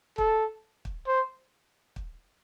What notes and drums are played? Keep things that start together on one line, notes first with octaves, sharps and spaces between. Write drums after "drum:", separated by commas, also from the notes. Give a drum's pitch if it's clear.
A4, drum: kick
drum: kick
C5
drum: kick